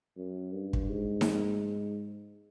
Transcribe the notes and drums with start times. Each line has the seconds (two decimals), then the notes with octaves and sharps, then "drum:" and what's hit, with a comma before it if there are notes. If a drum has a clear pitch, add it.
0.17 F#2
0.52 G2
0.73 drum: kick
0.89 G#2
1.21 drum: snare D#4